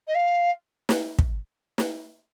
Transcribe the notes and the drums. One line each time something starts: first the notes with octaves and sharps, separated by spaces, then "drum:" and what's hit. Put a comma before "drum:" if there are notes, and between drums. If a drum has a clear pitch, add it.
D#5
F5
drum: snare
drum: kick
drum: snare